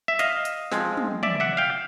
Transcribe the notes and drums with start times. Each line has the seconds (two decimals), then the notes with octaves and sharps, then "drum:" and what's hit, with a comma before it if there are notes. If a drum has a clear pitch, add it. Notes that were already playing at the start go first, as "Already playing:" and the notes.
0.08 E5
0.19 D#5 F5, drum: hi-hat
0.45 drum: hi-hat
0.72 F3 G#3 C4, drum: snare
0.97 drum: tom
1.23 D5 E5, drum: tom
1.40 E5 F#5
1.57 F5 G5